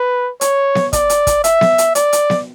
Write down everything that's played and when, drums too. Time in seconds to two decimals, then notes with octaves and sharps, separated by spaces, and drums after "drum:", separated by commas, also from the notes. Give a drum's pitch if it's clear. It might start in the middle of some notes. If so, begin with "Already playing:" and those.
Already playing: B4
0.41 C#5, drum: hi-hat
0.75 drum: snare B3
0.93 D5, drum: kick, hi-hat
1.10 drum: hi-hat
1.27 drum: kick, hi-hat
1.44 E5, drum: hi-hat
1.61 drum: snare B3
1.78 drum: hi-hat
1.95 D5, drum: hi-hat
2.13 drum: hi-hat
2.30 drum: snare B3